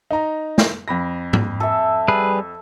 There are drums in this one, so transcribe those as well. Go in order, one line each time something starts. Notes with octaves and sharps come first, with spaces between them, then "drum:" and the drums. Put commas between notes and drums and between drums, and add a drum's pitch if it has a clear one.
D#4 A#5
drum: snare
F2 B5 A#6
drum: tom G#2
A4 E5
G3 G#4 B4